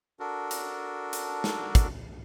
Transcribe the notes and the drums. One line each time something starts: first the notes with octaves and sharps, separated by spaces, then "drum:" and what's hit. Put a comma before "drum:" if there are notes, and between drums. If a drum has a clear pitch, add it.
D4 F#4 A4 A#4
drum: hi-hat
drum: hi-hat
drum: snare
drum: kick, hi-hat